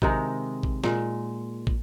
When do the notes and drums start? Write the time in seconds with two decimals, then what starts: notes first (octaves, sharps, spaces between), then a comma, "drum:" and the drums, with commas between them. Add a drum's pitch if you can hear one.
0.02 C3 D#3 G#3 D#4, drum: kick
0.63 drum: kick
0.84 A#2 G#3, drum: snare
1.67 drum: kick